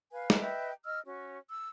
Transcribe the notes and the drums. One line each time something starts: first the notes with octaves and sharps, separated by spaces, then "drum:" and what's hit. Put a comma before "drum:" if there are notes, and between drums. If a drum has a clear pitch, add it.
B4 F5 G#5
drum: snare
B4 D#5 E5 G5
D#5 E6 F6
C#4 F#4
E6